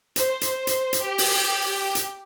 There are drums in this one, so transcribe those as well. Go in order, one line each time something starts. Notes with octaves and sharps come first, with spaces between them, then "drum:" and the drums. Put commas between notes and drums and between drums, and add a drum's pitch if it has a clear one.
C5, drum: hi-hat
drum: hi-hat
drum: hi-hat
drum: hi-hat
G4
drum: open hi-hat
drum: hi-hat